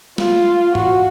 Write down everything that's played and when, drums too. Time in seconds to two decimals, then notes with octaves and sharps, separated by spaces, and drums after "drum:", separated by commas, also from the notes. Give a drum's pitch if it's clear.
0.18 F4, drum: snare
0.75 F#4, drum: tom G2